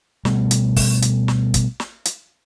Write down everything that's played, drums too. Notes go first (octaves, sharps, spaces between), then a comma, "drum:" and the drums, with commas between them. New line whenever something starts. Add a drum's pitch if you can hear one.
B2 G3 A3, drum: snare
drum: hi-hat
drum: kick, open hi-hat
drum: hi-hat
drum: snare
drum: kick, hi-hat
drum: snare
drum: hi-hat